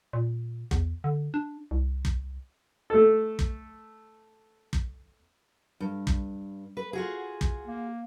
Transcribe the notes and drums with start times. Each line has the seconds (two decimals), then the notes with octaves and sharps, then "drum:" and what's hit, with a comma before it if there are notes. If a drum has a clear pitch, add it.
0.13 A#2
0.71 E2, drum: kick
1.04 D3
1.34 D4
1.71 C2
2.05 drum: kick
2.90 A3 A4
3.39 drum: kick
4.73 drum: kick
5.80 G2
6.07 drum: kick
6.77 B4
6.93 F4 F#4 G#4
7.41 drum: kick
7.67 A#3